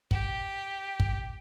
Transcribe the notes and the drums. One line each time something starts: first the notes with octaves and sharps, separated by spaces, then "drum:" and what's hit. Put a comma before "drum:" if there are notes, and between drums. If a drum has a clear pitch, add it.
G4, drum: kick
drum: kick